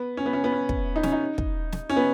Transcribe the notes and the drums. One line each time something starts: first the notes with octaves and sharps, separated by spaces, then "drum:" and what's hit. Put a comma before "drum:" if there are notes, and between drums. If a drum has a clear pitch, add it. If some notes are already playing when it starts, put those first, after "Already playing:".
Already playing: B3
C#4
B3
C#4
B3
C#4
drum: kick
D#4
C#4, drum: snare
D#4
drum: kick
drum: snare
C#4
B3